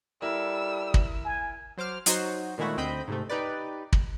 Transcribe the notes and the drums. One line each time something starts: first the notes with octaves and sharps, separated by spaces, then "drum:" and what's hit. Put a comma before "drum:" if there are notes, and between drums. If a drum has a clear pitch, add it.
G3 E4 A4 A#4 E6
drum: kick
G#5
F#3 C5 D6 F6
F#3 D#4 F#4 C5, drum: hi-hat
A#2 D#3 G#3 A3 E4 F#4
D2 C4 D#5 B5 G6
G#2 C3 A3
D#4 G4 B4 D5
drum: kick